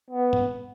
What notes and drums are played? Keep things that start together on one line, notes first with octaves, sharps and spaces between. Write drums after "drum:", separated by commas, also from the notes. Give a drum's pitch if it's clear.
B3
drum: tom